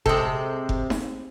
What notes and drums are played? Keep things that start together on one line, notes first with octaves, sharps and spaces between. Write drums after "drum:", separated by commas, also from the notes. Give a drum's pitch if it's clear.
C3 G#3 A4, drum: kick F1
drum: kick F1
drum: snare D#4